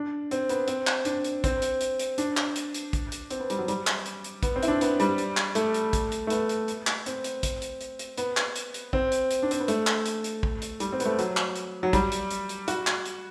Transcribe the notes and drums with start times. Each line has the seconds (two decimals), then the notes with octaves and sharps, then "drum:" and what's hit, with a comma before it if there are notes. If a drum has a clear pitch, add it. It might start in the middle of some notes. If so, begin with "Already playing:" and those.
Already playing: D4
0.31 C4, drum: hi-hat
0.49 B3, drum: hi-hat
0.68 C4, drum: hi-hat
0.87 drum: clap
1.05 D4, drum: hi-hat
1.24 drum: hi-hat
1.44 C4, drum: kick, hi-hat
1.62 drum: hi-hat
1.81 drum: hi-hat
1.99 drum: hi-hat
2.18 D4, drum: hi-hat
2.37 drum: clap
2.56 drum: hi-hat
2.74 drum: hi-hat
2.93 drum: kick, hi-hat
3.12 drum: hi-hat
3.30 C4, drum: hi-hat
3.40 B3
3.50 G3, drum: hi-hat
3.58 F#3
3.68 G3, drum: hi-hat
3.87 drum: clap
4.06 drum: hi-hat
4.24 drum: hi-hat
4.43 B3, drum: kick, hi-hat
4.56 C4
4.63 E4, drum: hi-hat
4.68 D4
4.81 B3, drum: hi-hat
5.00 G3, drum: hi-hat
5.18 drum: hi-hat
5.37 drum: clap
5.55 A3, drum: hi-hat
5.74 drum: hi-hat
5.93 drum: kick, hi-hat
6.12 drum: hi-hat
6.27 A3
6.30 B3, drum: hi-hat
6.49 drum: hi-hat
6.68 drum: hi-hat
6.87 drum: clap
7.06 C4, drum: hi-hat
7.24 drum: hi-hat
7.43 drum: kick, hi-hat
7.62 drum: hi-hat
7.81 drum: hi-hat
7.99 drum: hi-hat
8.18 B3, drum: hi-hat
8.37 drum: clap
8.56 drum: hi-hat
8.74 drum: hi-hat
8.93 C4, drum: kick
9.12 drum: hi-hat
9.31 drum: hi-hat
9.43 D4
9.51 C4, drum: hi-hat
9.59 B3
9.68 A3, drum: hi-hat
9.87 drum: clap
10.06 drum: hi-hat
10.24 drum: hi-hat
10.43 drum: kick
10.62 drum: hi-hat
10.80 G3, drum: hi-hat
10.92 C4
11.00 B3, drum: hi-hat
11.05 A3
11.19 F#3, drum: hi-hat
11.37 drum: clap
11.56 drum: hi-hat
11.83 F#3
11.93 G3, drum: kick, hi-hat
12.12 drum: hi-hat
12.31 drum: hi-hat
12.49 drum: hi-hat
12.68 F#4, drum: hi-hat
12.87 drum: clap
13.06 drum: hi-hat